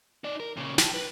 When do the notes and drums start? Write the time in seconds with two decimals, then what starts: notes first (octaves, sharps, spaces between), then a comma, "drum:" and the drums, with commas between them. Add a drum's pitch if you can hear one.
0.24 D#4 D5
0.40 A#4
0.57 A#2 C#3
0.78 G5 A5, drum: snare
0.94 B4